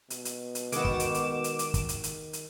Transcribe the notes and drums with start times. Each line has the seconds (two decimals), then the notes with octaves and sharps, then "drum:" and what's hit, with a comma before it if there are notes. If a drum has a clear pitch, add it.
0.10 B2, drum: hi-hat
0.25 drum: hi-hat
0.55 drum: hi-hat
0.72 D#3 G#3 B3 F#4 D6 E7, drum: hi-hat
0.85 drum: kick
1.00 drum: hi-hat
1.14 drum: hi-hat
1.44 drum: hi-hat
1.59 drum: hi-hat
1.74 drum: kick, hi-hat
1.89 drum: hi-hat
2.04 drum: hi-hat
2.33 drum: hi-hat